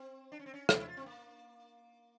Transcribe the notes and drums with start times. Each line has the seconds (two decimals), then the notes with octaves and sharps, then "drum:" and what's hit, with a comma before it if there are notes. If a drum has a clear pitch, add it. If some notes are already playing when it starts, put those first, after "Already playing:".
Already playing: C4
0.32 D4
0.39 C#4
0.46 C4
0.54 C#4
0.69 D4, drum: rim click
0.78 E4
0.88 F4
0.97 C4
1.06 A#3